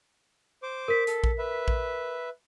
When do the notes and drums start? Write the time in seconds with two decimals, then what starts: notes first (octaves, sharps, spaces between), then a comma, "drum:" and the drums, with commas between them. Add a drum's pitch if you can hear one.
0.63 C5 D6
0.88 A#4 B6
1.07 A4, drum: hi-hat
1.24 drum: kick A#1
1.38 B4 E5
1.68 drum: kick A#1